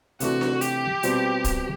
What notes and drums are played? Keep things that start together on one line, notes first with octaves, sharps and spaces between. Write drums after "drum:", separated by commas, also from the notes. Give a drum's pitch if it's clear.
C3 E3 A3 D4 F#4, drum: hi-hat
drum: snare D4
G4, drum: hi-hat
B2 G3 C4 F4, drum: hi-hat
drum: kick, hi-hat